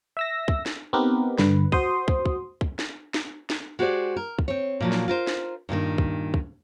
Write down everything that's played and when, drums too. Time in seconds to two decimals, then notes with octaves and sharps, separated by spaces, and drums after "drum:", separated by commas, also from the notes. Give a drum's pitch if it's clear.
0.17 E5 E6 A#6
0.48 drum: kick
0.66 drum: snare
0.93 B3 C4 D#4 G4 A#4 B4
1.38 G2 D3 B4, drum: snare
1.72 F#4 C5 C6 D#6, drum: kick
2.08 drum: kick
2.26 drum: kick
2.61 drum: kick
2.79 drum: snare
3.14 drum: snare
3.50 drum: snare
3.79 G#3 F#4 G4 A#4 C5 D5
4.16 A#4
4.39 drum: kick
4.48 C4 C#5
4.80 A#2 F3 F#3
4.92 drum: snare
5.08 F4 A#4 C5
5.27 drum: snare
5.69 G2 A#2 D3 D#3
5.98 drum: kick
6.34 drum: kick